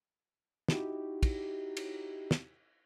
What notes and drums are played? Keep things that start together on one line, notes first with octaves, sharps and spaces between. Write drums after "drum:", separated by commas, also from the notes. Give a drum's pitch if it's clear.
D#4 E4 F#4 G4, drum: snare
drum: kick, cymbal
drum: cymbal
drum: snare